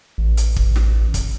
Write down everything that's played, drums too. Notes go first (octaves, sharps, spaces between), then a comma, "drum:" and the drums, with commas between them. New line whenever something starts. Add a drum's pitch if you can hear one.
A1
drum: hi-hat
drum: kick
drum: snare
drum: kick, hi-hat